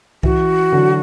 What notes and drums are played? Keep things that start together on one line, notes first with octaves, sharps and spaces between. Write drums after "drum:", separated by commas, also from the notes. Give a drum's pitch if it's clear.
E3 F#4, drum: kick C2
D3 F#3